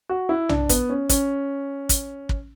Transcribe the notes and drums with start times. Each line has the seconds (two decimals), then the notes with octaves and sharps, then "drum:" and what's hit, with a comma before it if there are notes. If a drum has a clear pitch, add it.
0.09 F#4
0.29 E4
0.49 D4, drum: tom B1
0.69 B3, drum: kick, hi-hat
0.90 C#4
1.09 C#4, drum: kick, hi-hat
1.89 drum: kick, hi-hat
2.29 drum: kick